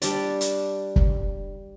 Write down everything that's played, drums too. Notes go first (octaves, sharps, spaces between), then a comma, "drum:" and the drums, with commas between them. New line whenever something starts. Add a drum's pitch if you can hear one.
G3 D4 D5, drum: hi-hat
drum: hi-hat
drum: kick